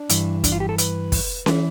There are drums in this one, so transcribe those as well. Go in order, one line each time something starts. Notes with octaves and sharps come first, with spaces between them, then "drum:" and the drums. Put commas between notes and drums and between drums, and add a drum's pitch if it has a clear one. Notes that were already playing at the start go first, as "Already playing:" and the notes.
Already playing: D4
G2 E3, drum: hi-hat
D4, drum: kick, hi-hat
F4
G4
A4
B4, drum: hi-hat
drum: kick, open hi-hat
E3, drum: snare C#4